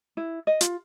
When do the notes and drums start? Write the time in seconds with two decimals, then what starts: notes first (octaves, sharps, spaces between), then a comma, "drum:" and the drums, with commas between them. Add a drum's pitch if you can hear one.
0.17 E4
0.47 D#5
0.61 F4, drum: hi-hat